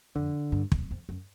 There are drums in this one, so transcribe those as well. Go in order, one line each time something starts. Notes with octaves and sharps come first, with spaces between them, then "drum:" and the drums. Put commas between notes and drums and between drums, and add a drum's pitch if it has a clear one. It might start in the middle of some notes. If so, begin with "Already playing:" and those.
F2 D3
G2
drum: kick
F2
F#2